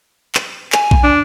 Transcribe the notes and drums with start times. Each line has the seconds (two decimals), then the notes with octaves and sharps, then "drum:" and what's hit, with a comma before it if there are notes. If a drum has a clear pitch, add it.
0.35 drum: clap
0.72 G#5, drum: clap
0.91 drum: kick A#1
1.04 D4